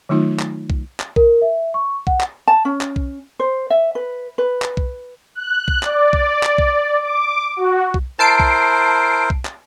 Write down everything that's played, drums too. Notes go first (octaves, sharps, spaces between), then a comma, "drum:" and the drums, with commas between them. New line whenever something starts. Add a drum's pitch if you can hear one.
D#3 F#3 A3 D#4 F4
drum: clap
drum: kick B1
drum: clap
A#4, drum: kick B1
E5
C#6
F#5, drum: kick B1
drum: clap
A5
C#4
drum: clap
drum: kick B1
C5
E5
B4
B4
drum: clap
drum: kick B1
F#6
drum: kick B1
D5, drum: clap
drum: kick B1
drum: clap
drum: kick B1
D6
F#4
drum: kick B1
E4 A#4 C5 A5 C7 D7
drum: kick B1
drum: kick B1
drum: clap